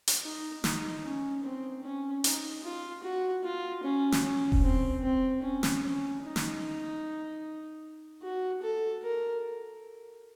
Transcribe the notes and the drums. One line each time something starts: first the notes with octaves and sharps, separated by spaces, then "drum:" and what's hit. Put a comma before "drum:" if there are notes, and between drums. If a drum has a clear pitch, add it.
drum: hi-hat
D#4
D#4, drum: snare
C#4
C4
C#4
D#4, drum: hi-hat
F4
F#4
F4
C#4
drum: snare
C#4
drum: kick E1
C4
C4
C#4
drum: snare
C#4
D#4
drum: snare
F#4
A4
A#4